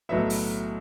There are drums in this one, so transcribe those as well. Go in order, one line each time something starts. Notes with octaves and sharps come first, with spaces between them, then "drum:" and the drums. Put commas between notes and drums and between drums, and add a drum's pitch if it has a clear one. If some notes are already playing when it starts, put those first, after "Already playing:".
B1 A2 F#3 B3 E5
drum: open hi-hat